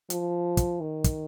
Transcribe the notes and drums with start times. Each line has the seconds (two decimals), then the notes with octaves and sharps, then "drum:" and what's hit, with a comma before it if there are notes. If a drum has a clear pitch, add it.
0.10 F3, drum: hi-hat
0.57 drum: kick, hi-hat
0.81 D#3
1.04 drum: kick, hi-hat